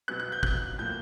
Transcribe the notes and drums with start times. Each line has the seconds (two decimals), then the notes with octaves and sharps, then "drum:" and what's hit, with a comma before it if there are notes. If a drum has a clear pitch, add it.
0.08 B2 F#3 B3 F#6
0.20 F#6
0.32 G6
0.43 F#6, drum: kick G#1
0.78 A2 F3 A#3 G6